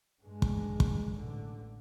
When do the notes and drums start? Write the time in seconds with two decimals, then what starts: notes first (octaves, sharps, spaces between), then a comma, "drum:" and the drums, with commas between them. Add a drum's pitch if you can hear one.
0.23 G2 G#3
0.42 drum: kick
0.80 drum: kick
1.13 A1 D3